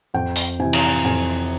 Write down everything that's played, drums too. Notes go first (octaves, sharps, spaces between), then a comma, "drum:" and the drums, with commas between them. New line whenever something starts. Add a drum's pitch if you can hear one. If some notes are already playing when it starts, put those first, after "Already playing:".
F2 G5
drum: open hi-hat
C3 E3 G#5
A#5, drum: cymbal
G#5
F2 G#5